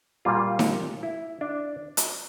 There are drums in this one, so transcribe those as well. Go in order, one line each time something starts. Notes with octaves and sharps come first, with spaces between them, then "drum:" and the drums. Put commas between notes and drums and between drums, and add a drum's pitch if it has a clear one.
A#2 G3 A#3 F4
drum: snare D#4
E4
D4
drum: hi-hat